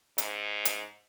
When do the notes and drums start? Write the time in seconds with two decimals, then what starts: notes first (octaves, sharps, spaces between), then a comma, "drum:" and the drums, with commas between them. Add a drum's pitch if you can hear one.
0.18 G#2, drum: hi-hat
0.65 drum: hi-hat